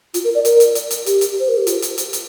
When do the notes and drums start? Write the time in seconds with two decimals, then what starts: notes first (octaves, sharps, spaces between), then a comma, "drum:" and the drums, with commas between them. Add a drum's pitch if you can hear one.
0.14 F4, drum: hi-hat
0.24 A#4
0.35 D5
0.45 A#4, drum: hi-hat
0.60 drum: hi-hat
0.75 drum: hi-hat
0.91 drum: hi-hat
1.06 G4, drum: hi-hat
1.21 drum: hi-hat
1.40 C5
1.49 A#4
1.57 G4
1.67 F4, drum: hi-hat
1.82 drum: hi-hat
1.98 drum: hi-hat
2.13 drum: hi-hat